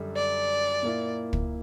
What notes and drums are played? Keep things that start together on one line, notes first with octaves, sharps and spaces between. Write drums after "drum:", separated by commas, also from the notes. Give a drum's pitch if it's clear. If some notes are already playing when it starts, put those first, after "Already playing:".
Already playing: F#2 D3 G3
D5
A#2 A#3 E4
drum: kick